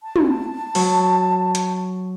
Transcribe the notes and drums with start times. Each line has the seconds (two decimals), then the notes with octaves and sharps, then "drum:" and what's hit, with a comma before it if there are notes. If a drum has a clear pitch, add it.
0.03 A5
0.16 drum: tom
0.75 F#3, drum: open hi-hat
1.55 drum: hi-hat